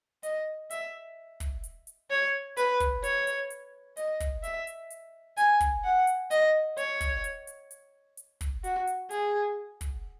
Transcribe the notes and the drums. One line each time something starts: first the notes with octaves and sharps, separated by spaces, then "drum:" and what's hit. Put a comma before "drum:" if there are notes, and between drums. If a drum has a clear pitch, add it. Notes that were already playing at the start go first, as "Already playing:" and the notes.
D#5, drum: hi-hat
E5, drum: hi-hat
drum: kick, hi-hat
drum: hi-hat
drum: hi-hat
C#5
B4, drum: hi-hat
drum: kick, hi-hat
C#5, drum: hi-hat
drum: hi-hat
drum: hi-hat
D#5, drum: hi-hat
drum: kick, hi-hat
E5, drum: hi-hat
drum: hi-hat
drum: hi-hat
G#5, drum: hi-hat
drum: kick, hi-hat
F#5
drum: hi-hat
D#5, drum: hi-hat
C#5, drum: hi-hat
drum: kick, hi-hat
drum: hi-hat
drum: hi-hat
drum: hi-hat
drum: hi-hat
drum: kick, hi-hat
F#4, drum: hi-hat
drum: hi-hat
G#4, drum: hi-hat
drum: kick, hi-hat